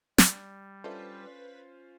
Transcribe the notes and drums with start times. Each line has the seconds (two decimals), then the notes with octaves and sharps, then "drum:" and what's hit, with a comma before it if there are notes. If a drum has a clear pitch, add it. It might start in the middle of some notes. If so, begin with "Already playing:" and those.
0.18 G3 D4, drum: snare
0.84 C#4 D4 F4 A4 B4 C5 E5